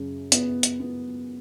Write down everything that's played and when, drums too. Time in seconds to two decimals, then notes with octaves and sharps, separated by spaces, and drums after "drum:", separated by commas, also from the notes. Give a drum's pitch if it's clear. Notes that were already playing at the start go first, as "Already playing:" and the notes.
Already playing: F#2 C#3
0.32 B3, drum: hi-hat
0.63 drum: hi-hat
0.80 B3